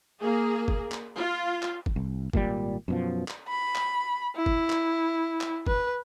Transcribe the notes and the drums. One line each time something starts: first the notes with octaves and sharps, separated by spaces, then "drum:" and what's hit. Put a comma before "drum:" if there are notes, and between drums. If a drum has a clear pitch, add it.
A#3 G#4
drum: kick
drum: clap
F4
drum: clap
drum: kick
C2
G#1 A#2 D3 G3, drum: kick
F#2 B2 F3
drum: clap
B5
drum: clap
E4
drum: kick
drum: clap
drum: clap
B4, drum: kick